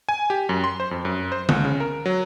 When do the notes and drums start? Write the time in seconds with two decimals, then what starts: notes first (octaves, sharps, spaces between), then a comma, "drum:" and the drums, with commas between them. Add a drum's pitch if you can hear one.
0.09 G#5
0.30 G4
0.49 F#2
0.64 C6
0.80 C5
0.91 F2
1.05 F#2
1.32 C5
1.49 C#2, drum: tom D3
1.65 C#3
1.80 A#4
2.06 F#3